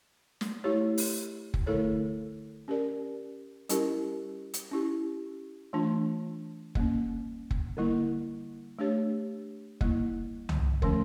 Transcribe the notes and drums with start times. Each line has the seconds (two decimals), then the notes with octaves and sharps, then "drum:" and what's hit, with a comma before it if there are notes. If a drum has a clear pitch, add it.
0.41 drum: snare
0.64 A3 E4 G4 C#5
0.98 drum: open hi-hat
1.54 drum: kick
1.66 D3 A3 E4 A4 C#5
2.68 C#4 G4 A#4 D5
3.69 G3 C#4 E4 G4 A#4, drum: hi-hat
4.54 drum: hi-hat
4.71 C#4 E4 G4
5.73 E3 A3 D4 F4
6.75 G3 A#3 C#4, drum: kick
7.51 drum: kick
7.77 D3 G3 A#3 E4
8.79 A3 D4 G4 C#5
9.81 G3 A#3 E4, drum: kick
10.49 drum: tom C2
10.82 D3 F3 A3 C#4, drum: kick